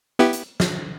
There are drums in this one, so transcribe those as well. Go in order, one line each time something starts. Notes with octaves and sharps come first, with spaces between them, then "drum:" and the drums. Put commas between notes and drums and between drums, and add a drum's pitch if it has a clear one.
B3 E4 G4
drum: hi-hat
drum: snare